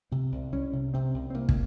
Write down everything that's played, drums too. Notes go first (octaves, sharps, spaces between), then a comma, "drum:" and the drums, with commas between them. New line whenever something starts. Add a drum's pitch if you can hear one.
C3 C4
C2
C2 C#4
C3
C3 C4
C2
C4
C2 A#3
drum: kick